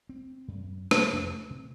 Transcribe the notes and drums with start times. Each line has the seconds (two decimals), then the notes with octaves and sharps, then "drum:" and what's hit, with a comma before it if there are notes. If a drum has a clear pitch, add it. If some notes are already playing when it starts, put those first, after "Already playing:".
0.09 C4
0.48 F#2
0.91 C3, drum: rim click
1.13 F2
1.28 A3
1.50 C3